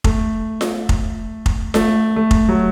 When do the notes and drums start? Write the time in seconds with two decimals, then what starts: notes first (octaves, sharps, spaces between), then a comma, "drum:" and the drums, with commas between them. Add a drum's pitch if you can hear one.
0.04 A3, drum: kick F1
0.61 drum: snare F4
0.89 drum: kick F1
1.46 drum: kick F1
1.74 A3, drum: snare F4
2.16 A3
2.31 drum: kick F1
2.49 F#3